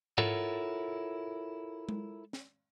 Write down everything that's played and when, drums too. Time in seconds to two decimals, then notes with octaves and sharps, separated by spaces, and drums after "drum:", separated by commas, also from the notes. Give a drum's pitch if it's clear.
0.18 E4 F4 A4 A#4 C#5 F#5, drum: tom G#2
1.89 drum: tom G#3
2.33 drum: snare